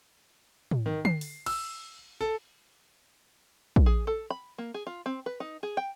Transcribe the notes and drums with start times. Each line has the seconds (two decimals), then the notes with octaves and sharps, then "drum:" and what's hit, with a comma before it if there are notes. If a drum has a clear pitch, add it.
0.71 drum: tom
0.86 D#3
1.05 C7, drum: tom
1.21 drum: open hi-hat
1.46 E6, drum: cymbal
2.21 A4
3.76 drum: kick
3.86 G#4
4.07 A4
4.30 B5
4.58 A#3
4.74 G#4
4.87 F4
5.06 C4
5.26 B4
5.40 D#4
5.63 G#4
5.77 G5